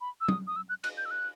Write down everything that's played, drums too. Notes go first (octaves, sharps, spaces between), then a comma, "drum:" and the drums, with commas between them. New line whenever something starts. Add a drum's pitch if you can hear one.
B5
E6
D#6, drum: tom
D#6
E6
F#6
F#6, drum: cymbal
G6
E6
F#6